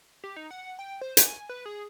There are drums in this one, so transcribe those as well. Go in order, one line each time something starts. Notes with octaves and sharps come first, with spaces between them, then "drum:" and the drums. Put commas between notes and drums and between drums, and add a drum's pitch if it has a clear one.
G4
D#4
F#5
G5
C5
G#5, drum: hi-hat
B4
G#4